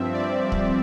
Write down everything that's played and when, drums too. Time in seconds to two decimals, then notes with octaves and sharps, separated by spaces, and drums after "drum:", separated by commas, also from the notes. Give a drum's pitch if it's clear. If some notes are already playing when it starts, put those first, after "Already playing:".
Already playing: G2 F3 C4 E5
0.14 D5
0.52 drum: kick